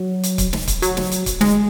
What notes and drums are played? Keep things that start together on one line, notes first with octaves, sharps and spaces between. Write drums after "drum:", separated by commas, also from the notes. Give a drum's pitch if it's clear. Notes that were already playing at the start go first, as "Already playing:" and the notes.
Already playing: F#3
drum: hi-hat
drum: kick C#1, hi-hat
drum: snare
drum: kick C#1, hi-hat
F#3, drum: hi-hat
drum: snare
drum: hi-hat
drum: kick C#1, hi-hat
G#3, drum: snare